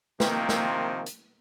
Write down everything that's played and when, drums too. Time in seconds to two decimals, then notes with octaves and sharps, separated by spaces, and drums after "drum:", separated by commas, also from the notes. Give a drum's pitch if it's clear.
0.20 C3 D#3 F3 A#3 C4, drum: snare
0.49 drum: snare
1.06 drum: hi-hat